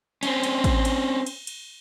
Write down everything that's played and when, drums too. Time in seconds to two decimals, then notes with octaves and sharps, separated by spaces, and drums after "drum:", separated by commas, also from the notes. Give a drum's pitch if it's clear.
0.23 C4 C#4, drum: cymbal
0.43 drum: cymbal
0.64 drum: kick A1, cymbal
0.85 drum: cymbal
1.27 drum: cymbal
1.47 drum: cymbal